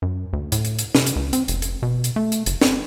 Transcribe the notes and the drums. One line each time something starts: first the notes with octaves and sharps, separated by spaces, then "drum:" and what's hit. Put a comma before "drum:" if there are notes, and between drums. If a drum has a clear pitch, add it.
F#2
D2
A2, drum: hi-hat
drum: hi-hat
drum: hi-hat
C3, drum: snare
drum: hi-hat
C#2
C4, drum: hi-hat
F1, drum: hi-hat
drum: hi-hat
B2
drum: hi-hat
A3
drum: hi-hat
F#1, drum: hi-hat
C4, drum: snare